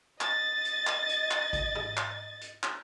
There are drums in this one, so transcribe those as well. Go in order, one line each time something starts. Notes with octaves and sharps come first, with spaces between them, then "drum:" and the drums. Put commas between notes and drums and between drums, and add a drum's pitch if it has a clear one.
D#5 A6, drum: clap
drum: hi-hat
drum: clap
drum: hi-hat
drum: clap
drum: kick G#1, hi-hat
drum: tom
drum: clap
drum: hi-hat
drum: clap